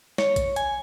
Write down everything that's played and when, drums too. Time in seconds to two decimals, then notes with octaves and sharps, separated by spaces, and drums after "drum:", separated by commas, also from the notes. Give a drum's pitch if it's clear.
0.18 C#5, drum: snare
0.36 drum: kick A#1, hi-hat
0.56 G#5, drum: hi-hat